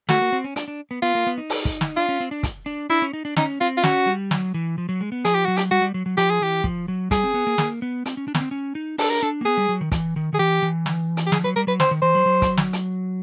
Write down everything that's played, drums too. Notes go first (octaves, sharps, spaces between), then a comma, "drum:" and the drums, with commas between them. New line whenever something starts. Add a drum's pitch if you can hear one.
A3 F#4, drum: snare
A#3
C4
C#4
D4, drum: hi-hat
D4
B3
B3 F4
A#3
B3
D#4
drum: open hi-hat
drum: kick
drum: snare
D4 F4
C#4
C4
D4
drum: kick, hi-hat
D4
D4 E4
C#4
D#4
D4
C#4 D#4, drum: snare
C4 F4
F4
C#4 F#4, drum: snare
G3
F#3, drum: snare
E3
F3
F#3
G#3
B3
F3 G#4, drum: hi-hat
G4
F#3 F#4
G4, drum: hi-hat
G3 F#4
G3
F#3
F#3
F3 G4, drum: hi-hat
G#4
E3 G4
F3, drum: kick
F#3
G3 G#4, drum: kick, hi-hat
C4
B3
A#3
A#3, drum: snare
B3
C4, drum: hi-hat
C#4
D4
B3, drum: snare
C4
C#4
D#4
D4 A4, drum: open hi-hat
A#4
D4 A4
A#3
B3 G#4
G3
F#3
D#3
E3, drum: kick, hi-hat
D#3
D#3 G#4
E3 G4
E3
drum: snare
drum: hi-hat
G4
F3 G#4, drum: snare
F#3 B4
G3 A#4
F#3 B4
C5, drum: snare
D#3
E3 C5
F#3
F#3
drum: kick, hi-hat
drum: snare
drum: hi-hat